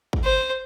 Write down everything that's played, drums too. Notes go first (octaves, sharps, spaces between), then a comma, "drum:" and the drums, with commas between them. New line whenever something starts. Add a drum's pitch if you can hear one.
drum: kick
C5